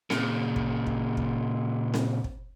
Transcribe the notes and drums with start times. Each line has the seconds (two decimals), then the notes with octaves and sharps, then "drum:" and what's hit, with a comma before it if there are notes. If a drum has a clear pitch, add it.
0.10 A#2 C#3, drum: snare C4
0.56 drum: kick
0.87 drum: kick
1.17 drum: kick
1.94 drum: snare C4
2.24 drum: kick